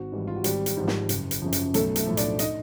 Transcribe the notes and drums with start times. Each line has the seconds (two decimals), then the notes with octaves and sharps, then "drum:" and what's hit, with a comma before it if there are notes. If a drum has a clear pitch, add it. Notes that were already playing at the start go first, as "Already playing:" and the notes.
Already playing: G#1 F#4
0.12 G#2 E3 G3
0.28 F4
0.36 F#4
0.44 G#1 G3 G4, drum: hi-hat
0.66 drum: hi-hat
0.77 G#2 F3
0.88 drum: snare
1.09 F#1, drum: hi-hat
1.31 drum: hi-hat
1.42 F#2 C#3 F3
1.52 drum: hi-hat
1.74 B1 A3 A4, drum: hi-hat
1.96 A3 A4, drum: hi-hat
2.06 A2 F3
2.17 D4 D5, drum: hi-hat
2.39 D#4 D#5, drum: hi-hat